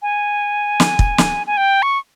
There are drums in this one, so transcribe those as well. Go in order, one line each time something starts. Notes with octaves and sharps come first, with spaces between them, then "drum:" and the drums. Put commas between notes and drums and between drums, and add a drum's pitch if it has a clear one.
G#5
drum: snare
drum: kick
drum: snare
G#5
G5
C#6